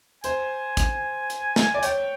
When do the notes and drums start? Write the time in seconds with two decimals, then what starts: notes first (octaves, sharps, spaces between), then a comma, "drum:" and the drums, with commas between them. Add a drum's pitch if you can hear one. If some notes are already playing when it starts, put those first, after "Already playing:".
0.24 C5 G#5, drum: hi-hat
0.77 drum: kick, hi-hat
1.30 drum: hi-hat
1.56 drum: snare
1.74 D5
1.83 C#5 G5, drum: hi-hat